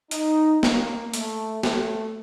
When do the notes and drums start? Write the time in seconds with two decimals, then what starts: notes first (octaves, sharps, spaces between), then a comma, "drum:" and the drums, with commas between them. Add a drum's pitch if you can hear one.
0.11 D#4, drum: hi-hat
0.63 A#3, drum: snare
1.14 A3, drum: hi-hat
1.63 A3, drum: snare